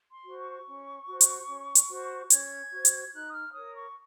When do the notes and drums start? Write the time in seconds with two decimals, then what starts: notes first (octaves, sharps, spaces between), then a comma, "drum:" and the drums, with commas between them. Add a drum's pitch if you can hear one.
0.12 C6
0.24 F#4 C5
0.38 C#6
0.66 C#4
1.07 F#4 C5
1.21 drum: hi-hat
1.48 C#4
1.75 drum: hi-hat
1.88 F#4 C5
2.30 C#4 G#6, drum: hi-hat
2.71 F#4 C5
2.85 drum: hi-hat
3.13 D#4 F#6
3.28 D#6
3.33 F6
3.53 A#4 C#5 D#6
3.74 C#6